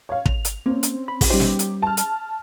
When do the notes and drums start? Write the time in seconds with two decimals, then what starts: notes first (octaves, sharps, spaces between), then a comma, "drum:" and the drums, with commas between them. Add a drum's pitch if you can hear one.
0.09 C#5 F5
0.26 F7, drum: kick
0.45 drum: hi-hat
0.66 A#3 C4 C#4
0.83 drum: hi-hat
1.08 B5
1.21 drum: kick, open hi-hat
1.30 G3 C#4 D#4 G4 C5
1.40 drum: snare
1.59 drum: hi-hat
1.82 A5 F6
1.97 drum: hi-hat